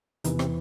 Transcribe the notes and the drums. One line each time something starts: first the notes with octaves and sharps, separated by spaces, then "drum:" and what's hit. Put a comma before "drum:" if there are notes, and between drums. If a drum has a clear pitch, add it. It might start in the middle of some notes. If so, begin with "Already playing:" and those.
E2 C3 D#3 E3 D#4, drum: hi-hat
C3 C4, drum: rim click